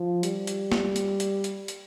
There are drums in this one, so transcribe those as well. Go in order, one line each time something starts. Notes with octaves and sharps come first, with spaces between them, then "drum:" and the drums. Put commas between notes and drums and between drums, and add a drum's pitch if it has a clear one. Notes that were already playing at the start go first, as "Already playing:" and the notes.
Already playing: F3
G3, drum: hi-hat
drum: hi-hat
drum: snare
drum: hi-hat
drum: hi-hat
drum: hi-hat
drum: hi-hat